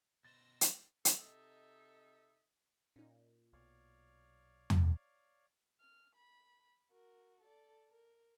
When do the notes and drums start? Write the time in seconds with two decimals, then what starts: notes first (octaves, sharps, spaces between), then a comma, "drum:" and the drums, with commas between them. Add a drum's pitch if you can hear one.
0.25 B2 C5 E6 A6 A#6
0.61 drum: hi-hat
1.05 C3 D#4 A4 D#5 E5, drum: hi-hat
2.96 A#2 C#4 D#4
3.53 B1 C#5 D5 F5
4.70 drum: tom E2
5.80 F6
6.15 B5
6.91 F#4 A#4
7.41 A4 D5
7.90 A#4